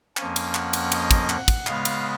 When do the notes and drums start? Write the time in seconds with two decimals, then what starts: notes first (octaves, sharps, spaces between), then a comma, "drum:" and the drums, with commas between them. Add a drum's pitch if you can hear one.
0.17 F2 F3 A#3 C#4 G#5, drum: clap
0.36 drum: cymbal
0.54 F#5, drum: clap
0.73 drum: cymbal
0.92 D#5, drum: cymbal
1.11 drum: kick, cymbal
1.29 F#5, drum: clap
1.48 drum: kick, cymbal
1.67 C#3 G#3 B3 F5, drum: clap
1.85 drum: cymbal